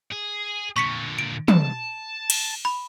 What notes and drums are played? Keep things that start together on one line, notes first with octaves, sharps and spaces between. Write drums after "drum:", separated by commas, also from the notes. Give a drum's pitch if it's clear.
G#4
A#2 D3 C#6 B6 C#7
D7
A5, drum: tom
drum: cymbal
B5